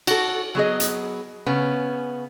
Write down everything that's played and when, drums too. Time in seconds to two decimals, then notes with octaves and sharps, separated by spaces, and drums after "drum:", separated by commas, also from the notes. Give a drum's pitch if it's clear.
0.07 F#4 A4, drum: cymbal
0.55 F#3 B3 G#4 D#5
0.80 drum: hi-hat
1.46 C#3 B3 C#4